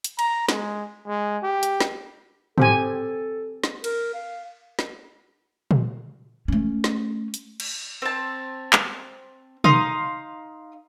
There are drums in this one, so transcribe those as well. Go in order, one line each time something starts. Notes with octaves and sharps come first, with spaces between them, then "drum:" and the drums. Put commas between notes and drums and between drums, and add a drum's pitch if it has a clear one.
drum: hi-hat
A#5, drum: cymbal
G#3, drum: snare
G#3
G4
drum: hi-hat
drum: snare
C4 G4 A4 G#5, drum: tom
drum: snare
A#4, drum: cymbal
F5
drum: snare
drum: tom A#2
A3 C#4
drum: snare
drum: hi-hat
drum: cymbal
C4 A5
drum: clap
D#4 F5 C6 D#6, drum: tom